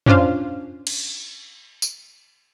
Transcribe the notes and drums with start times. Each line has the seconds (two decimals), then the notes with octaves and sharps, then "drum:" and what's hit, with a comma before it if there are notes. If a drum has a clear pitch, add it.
0.06 C#4 D4 F4 C5 F5, drum: tom
0.87 drum: cymbal
1.82 drum: tambourine